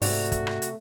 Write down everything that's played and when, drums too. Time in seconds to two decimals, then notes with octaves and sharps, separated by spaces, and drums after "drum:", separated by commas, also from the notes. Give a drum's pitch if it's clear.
0.02 G#2 C3 A3 F#4 D5, drum: open hi-hat
0.32 drum: kick, hi-hat
0.47 drum: rim click
0.62 drum: hi-hat